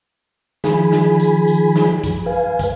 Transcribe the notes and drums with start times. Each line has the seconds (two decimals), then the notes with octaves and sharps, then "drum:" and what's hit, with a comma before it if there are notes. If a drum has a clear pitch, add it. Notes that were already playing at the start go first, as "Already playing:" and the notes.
0.64 D#3 F3 G#4 G#5 B5, drum: snare
0.92 drum: snare
1.20 drum: tambourine
1.48 drum: tambourine
1.76 drum: snare
2.04 drum: kick, tambourine
2.26 B4 F5 G#5
2.59 drum: kick, tambourine